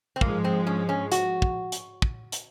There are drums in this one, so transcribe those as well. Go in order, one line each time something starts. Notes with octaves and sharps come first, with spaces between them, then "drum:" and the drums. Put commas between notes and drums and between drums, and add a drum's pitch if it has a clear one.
C4
G#2 F3 G#3 A#3, drum: kick
C4
C#4
C#4
F#4, drum: hi-hat
drum: kick
drum: hi-hat
drum: kick
drum: hi-hat